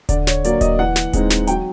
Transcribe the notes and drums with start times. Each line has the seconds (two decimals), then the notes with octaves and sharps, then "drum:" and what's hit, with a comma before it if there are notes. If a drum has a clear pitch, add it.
0.09 D3 D5, drum: kick D#1, hi-hat
0.27 C#5, drum: snare
0.44 F#3 A#3 D5, drum: hi-hat
0.61 D#5, drum: kick D#1, hi-hat
0.79 E3 F#5
0.96 drum: snare
1.13 G#3 C4 D#4, drum: kick D#1, hi-hat
1.30 drum: snare
1.47 F#3 G5, drum: hi-hat